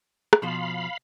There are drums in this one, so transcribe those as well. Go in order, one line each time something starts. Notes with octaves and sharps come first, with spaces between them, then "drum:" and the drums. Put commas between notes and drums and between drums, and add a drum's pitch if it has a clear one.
drum: rim click
B2 F3 C5 F5 B5